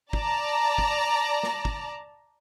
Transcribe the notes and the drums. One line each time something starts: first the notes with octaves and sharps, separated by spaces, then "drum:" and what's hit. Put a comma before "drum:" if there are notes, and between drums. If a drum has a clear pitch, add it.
D5 A5 A#5, drum: kick
drum: kick
drum: snare
drum: kick